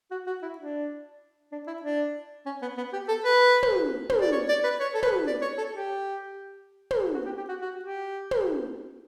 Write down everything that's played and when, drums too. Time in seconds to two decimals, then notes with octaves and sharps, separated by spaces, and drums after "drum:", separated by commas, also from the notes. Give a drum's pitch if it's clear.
0.11 F#4
0.27 F#4
0.42 E4
0.58 D4
1.52 D4
1.67 E4
1.83 D4
2.46 C#4
2.62 B3
2.77 B3
2.93 G4
3.08 A4
3.24 B4
3.63 drum: tom
4.09 drum: tom
4.20 D5
4.32 C#5
4.49 D5
4.64 B4
4.80 C#5
4.94 A4
5.03 B4, drum: tom
5.27 D5
5.42 C#5
5.58 A4
5.74 G4
6.91 drum: tom
7.14 F#4
7.26 G4
7.38 G4
7.49 F#4
7.61 F#4
7.85 G4
8.31 drum: tom